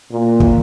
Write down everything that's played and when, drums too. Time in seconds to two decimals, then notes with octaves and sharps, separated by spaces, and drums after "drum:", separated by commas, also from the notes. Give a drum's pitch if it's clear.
0.12 A#2
0.40 drum: kick